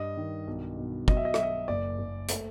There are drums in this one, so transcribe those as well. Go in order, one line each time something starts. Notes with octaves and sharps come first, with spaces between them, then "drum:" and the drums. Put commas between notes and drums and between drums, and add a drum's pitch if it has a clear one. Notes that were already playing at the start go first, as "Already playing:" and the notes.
Already playing: G2 D#5
D#3
B1
B2
F#3 D#5, drum: kick
E5
D#5
E5, drum: rim click
F#3 D#5
F#1 D5
F#1
A3, drum: hi-hat